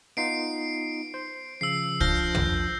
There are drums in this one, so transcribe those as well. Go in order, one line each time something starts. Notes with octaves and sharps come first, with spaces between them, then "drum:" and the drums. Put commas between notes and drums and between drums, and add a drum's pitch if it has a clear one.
B3 D#4 F4 C7 D7
C5
C#3 F3 E6 C7
F3 D4 F6 G6 A#6, drum: kick
drum: tom